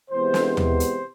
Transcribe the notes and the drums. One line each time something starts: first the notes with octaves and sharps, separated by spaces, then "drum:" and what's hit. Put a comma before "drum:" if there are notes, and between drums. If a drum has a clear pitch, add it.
C3 E3 G#3 B3 C5
drum: snare
C5, drum: tom D#2
drum: hi-hat